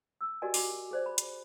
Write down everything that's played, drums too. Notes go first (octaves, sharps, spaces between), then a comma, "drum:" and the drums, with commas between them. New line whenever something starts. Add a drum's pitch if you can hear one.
E6
F#4 G4 A#4 D5 D#5 G#5
F#4 G#5 D6, drum: open hi-hat
G#4 C5 D5
B5
drum: hi-hat